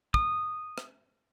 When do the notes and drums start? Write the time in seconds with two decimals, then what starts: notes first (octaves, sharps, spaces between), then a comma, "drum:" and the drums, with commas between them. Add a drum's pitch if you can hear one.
0.14 D#6, drum: kick
0.78 drum: rim click